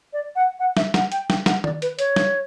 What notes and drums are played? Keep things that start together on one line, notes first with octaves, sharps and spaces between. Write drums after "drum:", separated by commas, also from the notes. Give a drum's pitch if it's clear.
D5
F#5
F#5
E5, drum: snare
F#5, drum: snare
G5, drum: hi-hat
G5, drum: snare
F#5, drum: snare
D5, drum: tom
B4, drum: hi-hat
C#5, drum: hi-hat
drum: snare